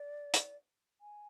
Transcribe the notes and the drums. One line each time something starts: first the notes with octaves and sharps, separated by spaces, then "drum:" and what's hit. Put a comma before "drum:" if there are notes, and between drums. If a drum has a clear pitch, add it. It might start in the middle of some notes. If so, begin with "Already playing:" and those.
Already playing: D5
drum: hi-hat
G#5